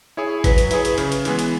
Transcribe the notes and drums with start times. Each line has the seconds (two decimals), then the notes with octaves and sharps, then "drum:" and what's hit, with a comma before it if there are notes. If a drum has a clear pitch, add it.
0.17 E4 G#4 C#5
0.44 F#3 B4, drum: kick G#1, hi-hat
0.58 drum: hi-hat
0.71 E4 G#4 C#5, drum: hi-hat
0.85 drum: hi-hat
0.98 C#3, drum: hi-hat
1.12 drum: hi-hat
1.25 E3 G#3 B3, drum: hi-hat
1.39 drum: hi-hat